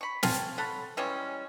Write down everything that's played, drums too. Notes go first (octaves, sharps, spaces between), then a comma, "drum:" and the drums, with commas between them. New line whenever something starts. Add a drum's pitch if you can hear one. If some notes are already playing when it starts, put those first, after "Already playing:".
B5 C#6
C4 F5 G#5 A5, drum: snare
A4 C#5 F#5 B5
E3 G3 G#3 C#4